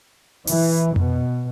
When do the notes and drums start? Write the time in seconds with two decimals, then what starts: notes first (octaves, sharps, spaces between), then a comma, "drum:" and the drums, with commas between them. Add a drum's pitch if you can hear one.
0.47 E3, drum: open hi-hat
0.96 B2, drum: tom F2